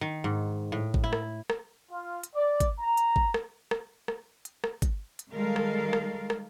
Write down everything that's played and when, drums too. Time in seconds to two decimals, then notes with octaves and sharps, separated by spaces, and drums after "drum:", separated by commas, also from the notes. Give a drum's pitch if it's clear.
0.01 D#3
0.24 G#2
0.72 A2
0.94 drum: kick
1.04 E4
1.13 drum: rim click
1.50 drum: rim click
1.90 F4
2.23 drum: hi-hat
2.34 D5
2.60 drum: kick, hi-hat
2.79 A#5
2.97 drum: hi-hat
3.16 drum: kick
3.34 drum: rim click
3.71 drum: rim click
4.08 drum: rim click
4.45 drum: hi-hat
4.64 drum: rim click
4.82 drum: kick, hi-hat
5.19 drum: hi-hat
5.33 D#3 G3 G#3 A4 A#4 F5
5.56 drum: rim click
5.93 drum: rim click
6.30 drum: rim click